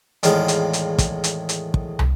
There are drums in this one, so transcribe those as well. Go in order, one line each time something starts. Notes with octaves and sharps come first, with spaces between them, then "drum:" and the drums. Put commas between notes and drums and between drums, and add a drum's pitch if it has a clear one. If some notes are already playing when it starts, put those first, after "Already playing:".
E2 A2 D#3 G#3 F5 G5, drum: hi-hat
drum: hi-hat
drum: hi-hat
drum: kick, hi-hat
drum: hi-hat
drum: hi-hat
drum: kick
drum: tom